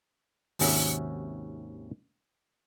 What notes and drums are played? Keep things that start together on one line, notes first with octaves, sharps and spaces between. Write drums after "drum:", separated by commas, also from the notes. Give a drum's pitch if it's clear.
G#1 D#2 C3 C#4 F#4 E5, drum: open hi-hat